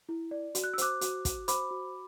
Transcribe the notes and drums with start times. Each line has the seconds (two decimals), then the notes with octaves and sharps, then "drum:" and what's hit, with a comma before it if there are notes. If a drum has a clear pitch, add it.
0.09 E4
0.31 D5
0.55 F#4, drum: hi-hat
0.64 F#6
0.74 E6
0.78 C5 D6 F#6, drum: hi-hat
1.01 F#4, drum: hi-hat
1.25 F#4, drum: kick, hi-hat
1.48 C5 B5 D6, drum: hi-hat
1.71 F#4